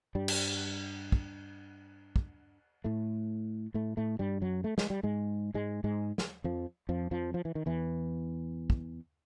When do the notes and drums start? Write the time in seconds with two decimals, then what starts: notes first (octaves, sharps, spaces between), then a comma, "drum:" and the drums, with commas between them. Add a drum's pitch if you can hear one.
0.15 G2 G3
0.28 drum: cymbal
1.12 drum: kick
2.16 drum: kick
2.84 A2 A3
3.74 A2 A3
3.97 A2 A3
4.19 G2 G3
4.42 F#2 F#3
4.64 A3
4.78 G#3, drum: snare
4.90 G3
5.03 G#2 G#3
5.54 G#2 G#3
5.84 G#2 G#3
6.18 drum: snare
6.44 F2 F3
6.89 F2 F3
7.11 F2 F3
7.34 F3
7.45 E3
7.55 D#3
7.66 E2 E3
8.70 drum: kick